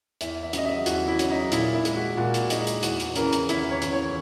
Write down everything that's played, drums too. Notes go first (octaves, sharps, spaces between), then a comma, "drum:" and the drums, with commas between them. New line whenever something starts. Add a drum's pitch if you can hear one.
E2 E5, drum: hi-hat
E5
C#3 F#3 D#5, drum: hi-hat
E5
E2 F#4, drum: hi-hat
E4
C#3 F#3, drum: hi-hat
D#4
A#2 E4, drum: hi-hat
E4
G#3, drum: hi-hat
F#4
A#2 F#4
drum: hi-hat
G#3 D#4, drum: hi-hat
drum: hi-hat
E2 F#4, drum: hi-hat
drum: hi-hat
C#3 E3 A#4, drum: hi-hat
drum: hi-hat
E2 E4, drum: hi-hat
C#5
C#3 E3, drum: hi-hat
C#5